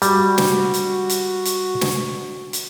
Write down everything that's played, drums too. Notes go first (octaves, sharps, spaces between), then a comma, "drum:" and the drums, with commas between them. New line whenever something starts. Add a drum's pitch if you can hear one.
G3 F#4, drum: hi-hat
drum: snare
drum: hi-hat
drum: hi-hat
drum: hi-hat
drum: snare
drum: hi-hat